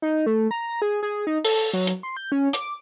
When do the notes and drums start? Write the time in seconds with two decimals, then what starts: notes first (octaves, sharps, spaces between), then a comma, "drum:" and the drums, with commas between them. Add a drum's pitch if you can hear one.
0.02 D#4
0.26 A3
0.51 A#5
0.82 G#4
1.03 G#4
1.27 D#4
1.45 A4, drum: open hi-hat
1.73 F#3
1.87 drum: hi-hat
2.03 C6
2.17 G6
2.32 C#4
2.53 D6, drum: hi-hat